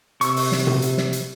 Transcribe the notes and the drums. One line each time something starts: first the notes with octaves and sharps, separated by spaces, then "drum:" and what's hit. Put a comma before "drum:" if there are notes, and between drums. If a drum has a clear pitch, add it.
C3 C#6 E6, drum: hi-hat
drum: open hi-hat
drum: snare
drum: tom
drum: hi-hat
drum: snare
drum: hi-hat